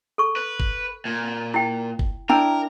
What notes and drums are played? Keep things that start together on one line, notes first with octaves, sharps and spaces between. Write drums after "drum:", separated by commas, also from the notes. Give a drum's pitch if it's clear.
A4 C#6
B4
drum: kick G1
A#2
E4 G5
drum: kick G1
D4 E4 A#4 G5 A#5